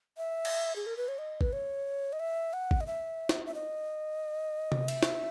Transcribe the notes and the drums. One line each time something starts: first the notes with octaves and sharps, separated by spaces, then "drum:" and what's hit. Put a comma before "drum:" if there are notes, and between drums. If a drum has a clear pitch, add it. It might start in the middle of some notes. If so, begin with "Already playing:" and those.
E5
drum: cymbal
G#4
A#4
B4
C#5
D#5
B4, drum: kick
C#5
D#5
E5
F#5
drum: kick
D#5
E5
drum: snare
E5
D#5
drum: tom C3
E5, drum: cymbal
drum: snare